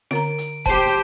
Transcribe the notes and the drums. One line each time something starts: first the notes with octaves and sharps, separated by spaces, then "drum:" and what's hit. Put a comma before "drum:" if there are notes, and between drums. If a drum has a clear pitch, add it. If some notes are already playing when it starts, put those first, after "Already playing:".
D3 A#4 A#5 D7, drum: snare
drum: hi-hat
G4 C5 A5 C7, drum: kick E1, hi-hat